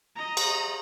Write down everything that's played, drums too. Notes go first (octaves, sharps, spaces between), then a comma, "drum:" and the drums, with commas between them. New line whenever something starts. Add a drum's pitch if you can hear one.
D#5 A#5
drum: cymbal